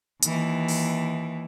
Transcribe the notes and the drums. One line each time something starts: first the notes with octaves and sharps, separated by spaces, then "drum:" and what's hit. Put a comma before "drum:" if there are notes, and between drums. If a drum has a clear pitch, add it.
D#2 E3, drum: hi-hat
drum: open hi-hat